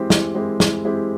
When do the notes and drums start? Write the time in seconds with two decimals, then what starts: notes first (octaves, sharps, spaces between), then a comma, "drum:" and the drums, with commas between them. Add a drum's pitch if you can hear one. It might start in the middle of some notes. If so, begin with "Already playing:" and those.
Already playing: E3 G#3 C4 E4 G4
0.10 E3, drum: snare
0.35 G#3 C4 E4 G4
0.60 E3, drum: snare
0.84 G#3 C4 E4 G4